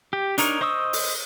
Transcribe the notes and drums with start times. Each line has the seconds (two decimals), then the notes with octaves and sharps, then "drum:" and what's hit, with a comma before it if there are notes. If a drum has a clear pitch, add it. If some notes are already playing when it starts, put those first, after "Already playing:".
0.13 G4
0.38 D4 D#4 A#4 C#5, drum: hi-hat
0.61 C5 D#5 C#6 D#6 E6
0.93 drum: open hi-hat